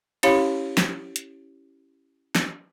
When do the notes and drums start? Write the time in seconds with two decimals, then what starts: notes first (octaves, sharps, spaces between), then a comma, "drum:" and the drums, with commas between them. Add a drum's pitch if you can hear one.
0.23 C#4 E4 G4 C#5 F5 B5, drum: cymbal
0.77 drum: snare
1.16 drum: hi-hat
2.35 drum: snare